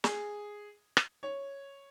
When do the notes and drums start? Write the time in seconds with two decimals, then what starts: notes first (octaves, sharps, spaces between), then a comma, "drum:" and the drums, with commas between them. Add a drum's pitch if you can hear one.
0.04 G#4, drum: snare
0.97 drum: rim click
1.23 C#5